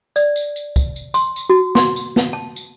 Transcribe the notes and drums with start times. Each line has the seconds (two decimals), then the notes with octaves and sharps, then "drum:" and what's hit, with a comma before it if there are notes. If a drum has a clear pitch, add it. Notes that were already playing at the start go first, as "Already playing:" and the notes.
0.16 D5, drum: tambourine
0.36 drum: tambourine
0.56 drum: tambourine
0.76 drum: kick, tambourine
0.96 drum: tambourine
1.14 C6, drum: tambourine
1.36 drum: tambourine
1.50 F#4
1.75 C6, drum: snare
1.96 drum: tambourine
2.16 drum: snare
2.33 A5
2.56 drum: tambourine